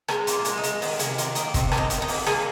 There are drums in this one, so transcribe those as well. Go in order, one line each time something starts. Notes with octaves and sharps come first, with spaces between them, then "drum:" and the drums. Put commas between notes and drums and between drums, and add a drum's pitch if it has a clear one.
G#3 A#4, drum: rim click
A#2, drum: hi-hat
F4
G#3, drum: hi-hat
D#4
G#3, drum: hi-hat
D#3 D#4, drum: open hi-hat
C3 G#4, drum: hi-hat
D#3 F4, drum: hi-hat
A#3 D#4, drum: hi-hat
C3 C4, drum: kick, hi-hat
D#3, drum: rim click
D#4
D#3, drum: hi-hat
D#4
A#3, drum: open hi-hat
A#3 G#4, drum: rim click